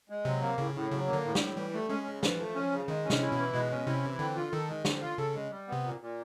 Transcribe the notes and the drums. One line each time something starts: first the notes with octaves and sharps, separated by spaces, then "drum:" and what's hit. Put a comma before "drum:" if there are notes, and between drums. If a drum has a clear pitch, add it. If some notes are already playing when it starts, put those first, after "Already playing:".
G#3
C3 F#3
A#3
A2 C#3
A2
C#3 F#3
A#3
D3
A2
G3, drum: snare
A2
E3 G3
A3
G#3 C#4
C#3
E3 F3, drum: snare
A3
C#4
C#3
D#3 G#3
C#4
C3, drum: snare
E4
B2
E3
B2 G#3
C#4
C3 E4
E3
D3 C4
F4
D#3 A4
G#3
D3 C4, drum: snare
F4
C#3 A4
G#3
G3
C3 B3
A#2
A#2